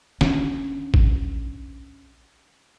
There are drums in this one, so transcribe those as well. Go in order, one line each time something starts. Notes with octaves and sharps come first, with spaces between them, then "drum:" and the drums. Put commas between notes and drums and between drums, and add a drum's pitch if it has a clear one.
C#4 D4, drum: snare
drum: kick